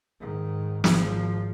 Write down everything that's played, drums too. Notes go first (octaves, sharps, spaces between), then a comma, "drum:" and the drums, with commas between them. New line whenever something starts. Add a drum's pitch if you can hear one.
G#2 D#3
G#1 F3, drum: snare